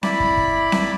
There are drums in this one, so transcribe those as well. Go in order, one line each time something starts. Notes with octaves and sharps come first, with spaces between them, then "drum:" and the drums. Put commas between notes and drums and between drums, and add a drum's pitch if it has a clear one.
E4 D5 B5, drum: snare C4
drum: kick
drum: kick
drum: snare C4